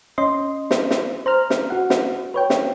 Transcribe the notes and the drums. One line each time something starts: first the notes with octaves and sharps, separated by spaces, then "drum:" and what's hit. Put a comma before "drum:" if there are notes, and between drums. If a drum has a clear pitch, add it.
C#4 D#5 C6
drum: snare
drum: snare
C5 A#5 F6
drum: snare
F#4 F#5
drum: snare
B4 C#5 G5
drum: snare